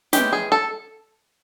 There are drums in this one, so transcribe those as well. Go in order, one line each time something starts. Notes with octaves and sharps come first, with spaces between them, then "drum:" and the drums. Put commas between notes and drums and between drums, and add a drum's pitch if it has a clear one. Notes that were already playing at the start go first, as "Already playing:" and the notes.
E3 G#3 C#4 G4, drum: snare
G#4
A4